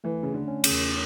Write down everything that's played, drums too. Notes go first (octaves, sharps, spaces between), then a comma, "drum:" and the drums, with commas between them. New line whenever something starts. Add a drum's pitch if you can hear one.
E3 A3
C#3 C#4
D3
C#4
C#3, drum: cymbal
E2